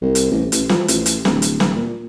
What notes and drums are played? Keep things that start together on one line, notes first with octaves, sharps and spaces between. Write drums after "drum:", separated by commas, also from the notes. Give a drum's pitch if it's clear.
C2
drum: hi-hat
A1
A1, drum: hi-hat
F3, drum: snare
A1, drum: hi-hat
drum: hi-hat
D1, drum: snare
drum: hi-hat
drum: snare
A#2